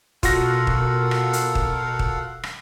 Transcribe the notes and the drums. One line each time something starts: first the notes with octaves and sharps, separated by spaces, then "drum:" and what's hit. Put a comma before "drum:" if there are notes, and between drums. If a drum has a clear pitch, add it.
B2 F4 F#4 A4 A#4 F5 F#5 A#6, drum: kick, hi-hat
drum: kick
drum: rim click
drum: hi-hat
drum: kick
drum: kick
drum: rim click